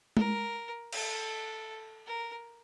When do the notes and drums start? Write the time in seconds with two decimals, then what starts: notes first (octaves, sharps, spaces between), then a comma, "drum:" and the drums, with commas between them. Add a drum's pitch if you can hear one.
0.17 A#4, drum: tom G#3
0.93 A4, drum: cymbal
2.06 A#4